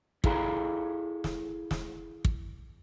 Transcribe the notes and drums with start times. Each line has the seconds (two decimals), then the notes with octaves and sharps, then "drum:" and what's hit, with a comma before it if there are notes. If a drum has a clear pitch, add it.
0.24 E4 G#4 A4 F5 A#5 B5, drum: kick
1.24 drum: snare
1.71 drum: snare
2.25 drum: kick